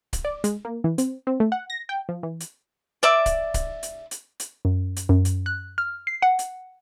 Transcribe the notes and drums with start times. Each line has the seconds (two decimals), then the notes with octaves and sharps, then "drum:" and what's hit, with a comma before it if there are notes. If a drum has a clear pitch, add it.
0.13 drum: kick C#1, hi-hat
0.25 D5
0.44 G#3, drum: hi-hat
0.65 A#3
0.84 E3
0.98 C4, drum: hi-hat
1.27 C4
1.40 A3
1.52 F#5
1.70 A#6
1.89 G5
2.09 F3
2.23 E3
2.40 drum: hi-hat
3.03 D5 E5 D6
3.26 drum: kick C#1, hi-hat
3.54 drum: kick C#1, hi-hat
3.83 drum: hi-hat
4.11 drum: hi-hat
4.40 drum: hi-hat
4.65 F#2
4.96 drum: hi-hat
5.09 F#2
5.25 drum: hi-hat
5.46 F#6
5.78 F6
6.07 C7
6.22 F#5
6.39 drum: hi-hat